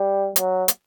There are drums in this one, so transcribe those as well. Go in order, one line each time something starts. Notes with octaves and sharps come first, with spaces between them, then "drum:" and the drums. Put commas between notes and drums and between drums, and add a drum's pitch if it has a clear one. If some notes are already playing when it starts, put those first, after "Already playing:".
Already playing: G3
F#3, drum: hi-hat
drum: hi-hat